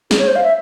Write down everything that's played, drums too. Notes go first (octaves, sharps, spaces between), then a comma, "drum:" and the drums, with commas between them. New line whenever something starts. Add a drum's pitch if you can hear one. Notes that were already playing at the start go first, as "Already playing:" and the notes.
G#4, drum: snare
C#5
C5
F5
E5